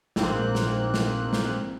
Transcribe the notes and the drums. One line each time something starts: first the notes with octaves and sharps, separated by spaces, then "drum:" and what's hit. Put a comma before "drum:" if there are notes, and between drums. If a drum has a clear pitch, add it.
A#1 G#2 A#3 C4 F#6, drum: snare
drum: snare
drum: snare
drum: snare